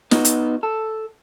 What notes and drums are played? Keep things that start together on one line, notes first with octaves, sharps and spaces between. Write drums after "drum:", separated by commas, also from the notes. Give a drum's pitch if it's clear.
B3 D#4 F#4, drum: snare
drum: hi-hat
A4